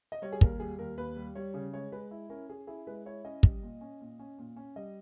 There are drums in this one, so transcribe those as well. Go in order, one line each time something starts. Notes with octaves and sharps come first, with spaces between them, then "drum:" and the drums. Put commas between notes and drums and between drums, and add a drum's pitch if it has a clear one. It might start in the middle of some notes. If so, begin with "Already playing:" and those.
D#5
G3 C#5
G#4
D#2 A#4, drum: kick
G3 G#4
D#2 A#4
D#2 B4
G3
G3 C#5
C#3
G#3 C#5
G#3 B4
E4
C#4 A#4
C#4 G#4
E4 G#4
G#3 B4
E4 C#5
C#4 D#5
G3, drum: kick
A#2
C#4
A#2
C#4
A#2
C#4
G3 D#5